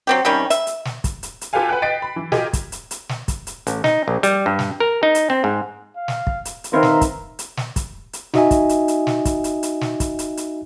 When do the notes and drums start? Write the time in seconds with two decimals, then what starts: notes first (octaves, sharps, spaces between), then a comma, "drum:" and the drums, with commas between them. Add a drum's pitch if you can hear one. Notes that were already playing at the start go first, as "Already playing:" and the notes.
0.07 F#3 C4 G4
0.25 C3 D#3 G3 C#4
0.50 E5, drum: hi-hat
0.67 drum: hi-hat
0.85 drum: snare
1.04 drum: kick, hi-hat
1.23 drum: hi-hat
1.41 drum: hi-hat
1.53 F4 G4 A4 B4 F5 G#5
1.69 B4 F#5 G5 F#6
1.82 D#5 G5 A6 B6 C7 D7
2.02 B5
2.16 E3
2.32 F4 G4 G#4 A#4 D#5, drum: snare
2.53 drum: kick, hi-hat
2.72 drum: hi-hat
2.91 drum: hi-hat
3.09 drum: snare
3.28 drum: kick, hi-hat
3.47 drum: hi-hat
3.67 A1, drum: hi-hat
3.84 D#4, drum: snare
4.08 A#1
4.23 G3, drum: hi-hat
4.46 G2
4.59 drum: snare
4.80 A#4
5.03 D#4
5.15 drum: hi-hat
5.30 C4
5.44 G#2
5.97 F5
6.08 drum: snare
6.27 drum: kick
6.45 drum: hi-hat
6.64 drum: hi-hat
6.73 D#3 C4 A#4 B4 E5 F5 A#5 C6
6.83 drum: snare
7.01 drum: kick, hi-hat
7.39 drum: hi-hat
7.57 drum: snare
7.76 drum: kick, hi-hat
8.13 drum: hi-hat
8.34 D#4 F#4 D#5 E5 G#5, drum: snare
8.51 drum: kick, hi-hat
8.69 drum: hi-hat
8.88 drum: hi-hat
9.07 drum: snare
9.25 drum: kick, hi-hat
9.44 drum: hi-hat
9.63 drum: hi-hat
9.81 drum: snare
10.00 drum: kick, hi-hat
10.19 drum: hi-hat
10.37 drum: hi-hat